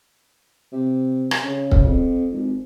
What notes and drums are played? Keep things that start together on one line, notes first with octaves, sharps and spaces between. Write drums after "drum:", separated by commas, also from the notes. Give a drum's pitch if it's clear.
C3
drum: rim click
C#3
drum: kick C#1
F2
G#1